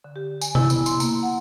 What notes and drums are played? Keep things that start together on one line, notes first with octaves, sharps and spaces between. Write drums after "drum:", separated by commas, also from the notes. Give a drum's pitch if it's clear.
D3
G4
G#5, drum: tambourine
E4, drum: tom C3
B3, drum: tambourine
C6, drum: tambourine
A#3, drum: tambourine
F#5